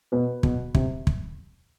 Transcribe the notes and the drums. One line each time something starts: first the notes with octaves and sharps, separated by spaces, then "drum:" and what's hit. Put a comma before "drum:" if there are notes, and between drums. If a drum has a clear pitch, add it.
B2 B4
B2, drum: kick
C3, drum: kick
drum: kick